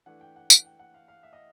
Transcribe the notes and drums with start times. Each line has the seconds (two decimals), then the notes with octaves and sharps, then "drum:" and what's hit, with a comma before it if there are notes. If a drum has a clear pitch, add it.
0.06 E3 A3 D4 F#5
0.21 G5
0.36 F#5
0.50 F#5, drum: tambourine
0.64 G5
0.79 F#5
0.94 F5
1.08 F5
1.23 E5
1.33 D#5